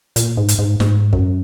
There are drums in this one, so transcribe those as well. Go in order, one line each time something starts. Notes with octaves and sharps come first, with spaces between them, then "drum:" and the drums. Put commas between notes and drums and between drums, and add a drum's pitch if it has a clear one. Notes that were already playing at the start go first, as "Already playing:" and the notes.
A#2, drum: hi-hat
G#2
drum: hi-hat
G#2
G#2, drum: snare
F#2, drum: kick